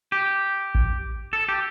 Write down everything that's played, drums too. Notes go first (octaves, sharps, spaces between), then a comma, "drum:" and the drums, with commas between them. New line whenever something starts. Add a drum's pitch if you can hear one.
G4
drum: kick A1
A4
G4